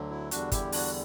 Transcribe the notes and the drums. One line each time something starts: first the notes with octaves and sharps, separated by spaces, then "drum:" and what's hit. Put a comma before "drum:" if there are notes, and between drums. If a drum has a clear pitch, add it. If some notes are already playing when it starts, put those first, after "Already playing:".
Already playing: D2 D3 F#3
E4
E2 D3 G3 D4 F#4, drum: hi-hat
E4 G4, drum: kick G1, hi-hat
D4 F#4, drum: open hi-hat